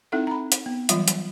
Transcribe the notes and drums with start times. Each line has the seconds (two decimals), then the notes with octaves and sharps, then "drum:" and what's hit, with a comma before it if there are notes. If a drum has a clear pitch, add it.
0.12 C4 D#4 E4 A4 E5 F#5
0.27 A#5 B5
0.52 drum: hi-hat
0.66 B3
0.89 E3 F#3 G3 F4 E5, drum: hi-hat
1.08 drum: hi-hat